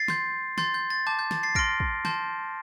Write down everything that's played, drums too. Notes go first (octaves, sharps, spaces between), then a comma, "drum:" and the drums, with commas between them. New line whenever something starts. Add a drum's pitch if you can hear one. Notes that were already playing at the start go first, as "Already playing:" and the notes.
Already playing: A6 C7
C6 G6, drum: snare
C6 G6 A6, drum: snare
G6
A6
A5 D6 G6
G6
A6, drum: snare
A6 C7
C6 F6 A#6 D7, drum: kick
drum: kick
A5 C6 G6, drum: snare